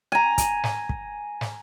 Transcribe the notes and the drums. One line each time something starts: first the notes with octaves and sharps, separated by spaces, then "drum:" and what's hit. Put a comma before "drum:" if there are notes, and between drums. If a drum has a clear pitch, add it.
G#5 A#5
drum: kick, hi-hat
drum: snare
drum: kick
drum: snare